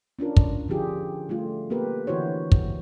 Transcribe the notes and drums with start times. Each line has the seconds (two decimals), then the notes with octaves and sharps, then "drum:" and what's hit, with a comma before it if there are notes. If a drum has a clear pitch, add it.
0.19 C#4 D4 F4 A#4
0.37 drum: kick
0.69 D3 F3 F4 G4 G#4
1.29 G3 A3 F4
1.70 A#3 B3 G4 A#4 B4
2.07 D3 E3 E4 F#4 C5 C#5
2.52 drum: kick